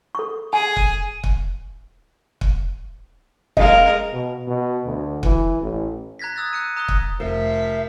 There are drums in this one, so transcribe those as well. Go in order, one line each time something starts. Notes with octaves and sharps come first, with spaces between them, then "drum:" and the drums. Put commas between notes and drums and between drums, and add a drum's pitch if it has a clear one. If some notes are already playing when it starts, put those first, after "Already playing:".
A4 C#6
G#4 G#5
drum: kick
drum: kick
drum: kick
G#3 A#4 D#5 F5, drum: kick
B2
B2
D2
E3, drum: kick
A1
A#5 F#6 G#6 A#6 B6
D#6 E6 F#6 A6
F#6 C#7 D#7
A#5 D#6 F#6 A#6 G7
drum: kick
F1 C3 F3 A#4 E5